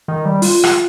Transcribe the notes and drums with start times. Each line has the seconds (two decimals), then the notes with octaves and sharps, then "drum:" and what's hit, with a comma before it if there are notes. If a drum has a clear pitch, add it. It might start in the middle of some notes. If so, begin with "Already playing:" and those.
0.08 D#3
0.25 G3
0.42 F4, drum: open hi-hat
0.63 drum: rim click